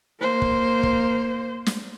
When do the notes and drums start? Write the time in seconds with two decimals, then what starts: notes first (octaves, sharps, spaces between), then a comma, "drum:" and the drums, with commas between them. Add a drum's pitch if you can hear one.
0.21 A#3 C5
0.42 drum: kick
0.83 drum: kick
1.66 drum: snare